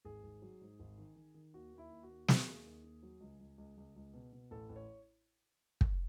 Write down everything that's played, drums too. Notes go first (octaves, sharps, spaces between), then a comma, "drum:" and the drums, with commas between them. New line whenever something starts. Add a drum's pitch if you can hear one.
G#1 G#4
G#1
F#3
G#2
G#1
D#3
D#3
D#3
D#2 F#4
D#2
E4
D#2
F#4
D#2
D#3 G#4, drum: snare
D#2
D#2
D#2
F#3
C#2
C#2
C#2
C#2
C#2
B2
B2
A1 A4
A1
C#5
drum: kick